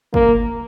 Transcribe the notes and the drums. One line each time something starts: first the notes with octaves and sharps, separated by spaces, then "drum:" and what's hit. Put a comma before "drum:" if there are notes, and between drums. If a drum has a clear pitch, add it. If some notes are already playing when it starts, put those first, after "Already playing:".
A#3, drum: kick